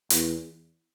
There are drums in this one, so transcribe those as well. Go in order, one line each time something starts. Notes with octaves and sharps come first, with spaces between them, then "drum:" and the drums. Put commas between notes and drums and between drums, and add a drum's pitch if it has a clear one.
E2, drum: hi-hat